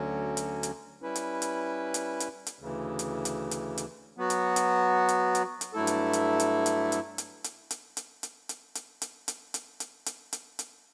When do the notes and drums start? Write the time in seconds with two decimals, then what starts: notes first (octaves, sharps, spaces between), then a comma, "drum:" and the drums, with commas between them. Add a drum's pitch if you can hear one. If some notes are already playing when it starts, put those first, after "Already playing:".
Already playing: D2 D3 F#3 C#4
0.37 drum: hi-hat
0.63 drum: hi-hat
1.02 G3 C#4 E4 B4
1.16 drum: hi-hat
1.42 drum: hi-hat
1.94 drum: hi-hat
2.20 drum: hi-hat
2.47 drum: hi-hat
2.59 D2 C#3 E3
2.99 drum: hi-hat
3.25 drum: hi-hat
3.51 drum: hi-hat
3.78 drum: hi-hat
4.17 F#3 B3 F#4
4.30 drum: hi-hat
4.56 drum: hi-hat
5.09 drum: hi-hat
5.35 drum: hi-hat
5.61 drum: hi-hat
5.73 G2 F#3 A3 E4 A4
5.87 drum: hi-hat
6.13 drum: hi-hat
6.40 drum: hi-hat
6.66 drum: hi-hat
6.92 drum: hi-hat
7.18 drum: hi-hat
7.44 drum: hi-hat
7.71 drum: hi-hat
7.97 drum: hi-hat
8.23 drum: hi-hat
8.49 drum: hi-hat
8.75 drum: hi-hat
9.02 drum: hi-hat
9.28 drum: hi-hat
9.54 drum: hi-hat
9.80 drum: hi-hat
10.06 drum: hi-hat
10.33 drum: hi-hat
10.59 drum: hi-hat